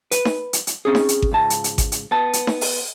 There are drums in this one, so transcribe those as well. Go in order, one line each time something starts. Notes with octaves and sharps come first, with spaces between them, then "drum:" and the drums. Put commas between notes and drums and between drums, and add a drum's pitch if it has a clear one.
B4, drum: hi-hat
drum: snare D#4
drum: hi-hat
drum: hi-hat
C4 C#4 G#4
drum: snare D#4
drum: hi-hat
drum: kick G#1
C#2 G#2 A5
drum: hi-hat
drum: hi-hat
drum: kick G#1, hi-hat
drum: hi-hat
B3 A5
drum: hi-hat
drum: snare D#4
drum: open hi-hat